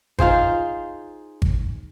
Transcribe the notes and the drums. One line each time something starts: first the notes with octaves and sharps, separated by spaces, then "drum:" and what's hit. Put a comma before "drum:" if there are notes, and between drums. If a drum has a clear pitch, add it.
D#4 F4 G#4 C5, drum: kick G#1
drum: kick G#1